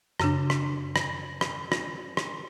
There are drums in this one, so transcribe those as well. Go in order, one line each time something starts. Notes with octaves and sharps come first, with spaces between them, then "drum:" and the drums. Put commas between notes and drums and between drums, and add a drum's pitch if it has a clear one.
F#2 C#3 D4, drum: rim click
drum: rim click
drum: rim click
drum: rim click
drum: rim click
drum: rim click